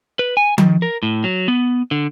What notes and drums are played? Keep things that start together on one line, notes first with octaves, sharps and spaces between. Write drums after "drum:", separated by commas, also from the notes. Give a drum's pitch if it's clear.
B4
G#5
D#3, drum: tom F3
A#4
A2
F#3
B3
D3